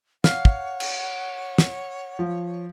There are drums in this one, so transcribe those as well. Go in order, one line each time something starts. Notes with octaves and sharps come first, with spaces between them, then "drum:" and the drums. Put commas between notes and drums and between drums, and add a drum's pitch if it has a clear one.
C#5 F5 F#5, drum: snare
drum: kick
drum: cymbal
drum: snare
F3